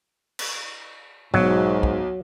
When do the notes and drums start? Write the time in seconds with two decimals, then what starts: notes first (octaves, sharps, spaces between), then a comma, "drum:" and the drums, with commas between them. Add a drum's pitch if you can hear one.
0.39 drum: cymbal
1.34 B1 G#2 F#3
1.83 drum: kick